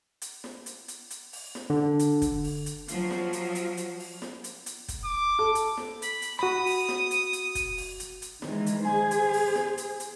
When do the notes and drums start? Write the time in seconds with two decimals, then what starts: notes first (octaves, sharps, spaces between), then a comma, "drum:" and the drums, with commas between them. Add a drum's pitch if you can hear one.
0.22 drum: hi-hat
0.44 drum: snare
0.66 drum: hi-hat
0.88 drum: hi-hat
1.10 drum: hi-hat
1.33 drum: open hi-hat
1.55 drum: snare
1.70 D3
1.99 drum: hi-hat
2.22 drum: kick, hi-hat
2.44 drum: open hi-hat
2.66 drum: hi-hat
2.88 F3 F#3, drum: hi-hat
3.11 drum: snare
3.33 drum: hi-hat
3.55 drum: hi-hat
3.77 drum: hi-hat
4.00 drum: open hi-hat
4.22 drum: snare
4.44 drum: hi-hat
4.66 drum: hi-hat
4.88 drum: kick, hi-hat
5.05 D6
5.39 A4
5.55 drum: hi-hat
5.77 drum: snare
6.02 B5, drum: hi-hat
6.22 drum: hi-hat
6.39 F#4 B5 D#6
6.66 drum: open hi-hat
6.89 drum: snare
7.11 drum: hi-hat
7.33 drum: hi-hat
7.55 drum: kick, hi-hat
7.77 drum: open hi-hat
8.00 drum: hi-hat
8.22 drum: hi-hat
8.42 D#3 E3 G#3, drum: snare
8.66 drum: hi-hat
8.85 G#4 C5 G#5
9.11 drum: hi-hat
9.33 drum: open hi-hat
9.55 drum: snare
9.78 drum: hi-hat
10.00 drum: hi-hat